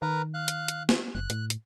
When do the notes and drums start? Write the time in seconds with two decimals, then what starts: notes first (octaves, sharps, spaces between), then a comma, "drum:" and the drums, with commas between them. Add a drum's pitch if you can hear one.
0.02 D#3 A#4 B4 A#5
0.34 F5 F#6
0.48 drum: hi-hat
0.68 drum: hi-hat
0.89 drum: snare
1.15 F#1 F#6
1.30 A2, drum: hi-hat
1.50 drum: hi-hat